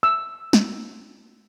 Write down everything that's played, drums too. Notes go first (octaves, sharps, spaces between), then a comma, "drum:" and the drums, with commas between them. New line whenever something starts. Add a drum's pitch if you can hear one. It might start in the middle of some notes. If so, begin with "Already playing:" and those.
E6
drum: snare